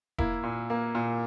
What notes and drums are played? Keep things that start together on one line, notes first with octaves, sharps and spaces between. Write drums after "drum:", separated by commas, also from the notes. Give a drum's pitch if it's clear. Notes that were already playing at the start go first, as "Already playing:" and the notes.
A#3 E4, drum: kick E1
A#2
A#3
A#2